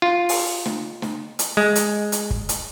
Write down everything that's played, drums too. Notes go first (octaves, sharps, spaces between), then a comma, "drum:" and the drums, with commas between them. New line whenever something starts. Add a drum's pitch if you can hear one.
F4
drum: open hi-hat
drum: snare
drum: snare
drum: hi-hat
G#3
drum: hi-hat
drum: hi-hat
drum: kick
drum: hi-hat